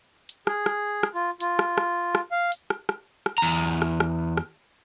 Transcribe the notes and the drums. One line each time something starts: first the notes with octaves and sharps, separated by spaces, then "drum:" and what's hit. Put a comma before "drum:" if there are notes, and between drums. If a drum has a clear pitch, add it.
drum: hi-hat
G#4, drum: rim click
drum: rim click
drum: rim click
F4
F4, drum: hi-hat
drum: rim click
drum: rim click
drum: rim click
F5
drum: hi-hat
drum: rim click
drum: rim click
drum: rim click
E2 A#5
drum: rim click
drum: rim click
drum: rim click